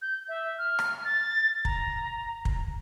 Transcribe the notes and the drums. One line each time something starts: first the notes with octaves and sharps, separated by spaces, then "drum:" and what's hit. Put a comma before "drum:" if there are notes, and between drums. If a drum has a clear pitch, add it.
G6
E5
F6
drum: rim click
A6
A#5, drum: kick
drum: kick